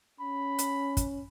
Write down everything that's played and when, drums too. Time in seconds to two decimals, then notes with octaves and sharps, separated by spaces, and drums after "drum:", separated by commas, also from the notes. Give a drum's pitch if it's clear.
0.20 C#4 B5
0.59 drum: hi-hat
0.97 drum: kick, hi-hat